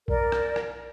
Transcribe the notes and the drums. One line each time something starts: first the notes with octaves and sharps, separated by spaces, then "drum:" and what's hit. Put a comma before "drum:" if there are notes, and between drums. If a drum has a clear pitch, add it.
A#4 D5, drum: kick A#1
drum: rim click
drum: rim click